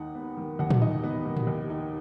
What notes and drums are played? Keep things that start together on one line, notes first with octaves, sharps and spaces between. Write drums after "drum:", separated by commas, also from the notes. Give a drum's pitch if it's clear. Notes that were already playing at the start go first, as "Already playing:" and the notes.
Already playing: D#2 D#4 F#5
B3
D#3
D#2 F#5
drum: tom
D#4 D#5
B3
D#3
drum: tom A2
D#2
D#4